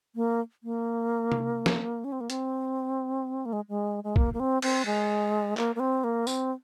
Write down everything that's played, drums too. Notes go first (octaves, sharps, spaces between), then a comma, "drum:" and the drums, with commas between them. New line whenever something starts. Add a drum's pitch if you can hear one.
A#3
A#3
drum: tom C3
drum: snare
C#4
C4
A#3
C4, drum: hi-hat
A#3
G#3
G#3
G#3
A#3, drum: kick
A#3
C4
C4, drum: cymbal
G#3
A#3, drum: clap
A#3
C4
A#3
C4, drum: tambourine